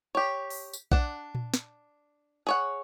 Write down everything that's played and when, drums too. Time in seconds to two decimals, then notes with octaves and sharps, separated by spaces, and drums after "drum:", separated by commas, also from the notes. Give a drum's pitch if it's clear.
0.15 G4 C#5
0.50 drum: open hi-hat
0.73 drum: tambourine
0.92 D4 F#5, drum: kick B1
1.35 drum: tom A#2
1.54 drum: snare
2.47 G#4 C#5 F#5